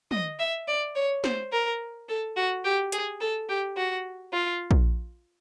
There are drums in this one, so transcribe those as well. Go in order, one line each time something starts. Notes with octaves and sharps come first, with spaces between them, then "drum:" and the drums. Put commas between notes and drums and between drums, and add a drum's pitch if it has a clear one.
D#5, drum: tom
E5
D5
C#5
C5, drum: snare
A#4
A4
F#4
G4
G#4, drum: hi-hat
A4
G4
F#4
F4
drum: kick A#1